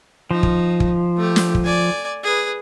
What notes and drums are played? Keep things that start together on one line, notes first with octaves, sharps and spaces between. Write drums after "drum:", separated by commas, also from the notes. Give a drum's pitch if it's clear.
F3 D#4
drum: kick
drum: kick
A3 G4
drum: snare
drum: kick
D5 G#5
G#4 B4